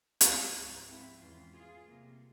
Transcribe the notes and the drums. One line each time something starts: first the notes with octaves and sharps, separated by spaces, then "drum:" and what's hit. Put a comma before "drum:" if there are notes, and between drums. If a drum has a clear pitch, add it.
drum: hi-hat
G#2 F3 G#3 C4
C4 E4
E2 E3 G#3 C#4 F4
F4 G#4
C3 G3 A#3